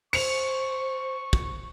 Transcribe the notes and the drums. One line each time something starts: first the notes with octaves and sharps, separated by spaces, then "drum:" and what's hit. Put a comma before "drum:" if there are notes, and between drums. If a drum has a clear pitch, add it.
C5 C#6 C#7 F7, drum: cymbal
drum: kick